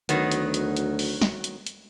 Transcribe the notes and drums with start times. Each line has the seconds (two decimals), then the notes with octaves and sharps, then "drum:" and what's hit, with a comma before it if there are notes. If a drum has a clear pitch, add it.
0.09 D2 D#3 F#3 B3, drum: hi-hat
0.31 drum: hi-hat
0.54 drum: hi-hat
0.76 drum: hi-hat
0.99 drum: open hi-hat
1.22 drum: snare
1.44 drum: hi-hat
1.67 drum: hi-hat